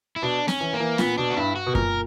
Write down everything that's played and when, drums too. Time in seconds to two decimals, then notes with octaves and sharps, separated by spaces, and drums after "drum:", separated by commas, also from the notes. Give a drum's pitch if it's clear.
0.16 E4
0.22 B2 D4
0.48 C#4, drum: snare C4
0.61 E3
0.73 A#3
0.80 E3
0.98 A#2 B3, drum: snare C4
1.18 B2 D4
1.30 F#4
1.36 G2 E4
1.56 F#4
1.66 B2
1.75 A#2 A#4, drum: kick F#2